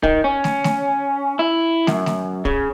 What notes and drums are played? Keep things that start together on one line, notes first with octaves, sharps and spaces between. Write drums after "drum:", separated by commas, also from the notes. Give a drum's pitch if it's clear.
D#3, drum: kick
C#4
drum: snare
drum: snare
E4
F#2, drum: snare
drum: snare
C#3, drum: kick